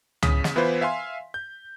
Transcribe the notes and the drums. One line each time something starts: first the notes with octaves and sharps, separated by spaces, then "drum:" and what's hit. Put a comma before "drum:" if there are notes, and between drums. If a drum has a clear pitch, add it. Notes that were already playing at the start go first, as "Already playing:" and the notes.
E2 C#3 D#6 B6, drum: tom C#2
drum: snare
E3 B3 E4 F4 B4 C5
E5 F5 G#5 C6
G6